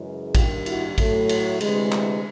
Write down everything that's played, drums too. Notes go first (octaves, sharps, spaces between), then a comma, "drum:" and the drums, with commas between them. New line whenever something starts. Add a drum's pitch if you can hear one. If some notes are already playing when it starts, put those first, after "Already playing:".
Already playing: F#2 C#3 E3 G#3
G2 D#3 G3 A#3 F4 G4, drum: kick A1, cymbal
E4 F#4, drum: cymbal
A2 F#3 A3, drum: kick A1, cymbal
drum: cymbal
D2 C3 E3 G#3, drum: cymbal
drum: clap